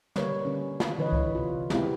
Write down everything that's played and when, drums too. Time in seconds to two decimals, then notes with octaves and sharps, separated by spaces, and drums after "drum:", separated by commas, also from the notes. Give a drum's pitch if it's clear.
0.16 D3 G3 A#3 A#4 B4 C#5, drum: snare
0.45 D3 C#4
0.80 drum: snare
0.98 D3 E3 B4 C#5 D#5
1.12 drum: kick C#2
1.35 C3 F4
1.70 G#3 B3 C4 E4 G4, drum: snare